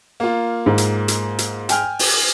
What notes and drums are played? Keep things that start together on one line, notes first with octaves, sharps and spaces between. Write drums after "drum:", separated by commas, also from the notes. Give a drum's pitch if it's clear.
A#3 F4
G#2
drum: hi-hat
drum: hi-hat
drum: hi-hat
G5 G#5 F6, drum: hi-hat
drum: open hi-hat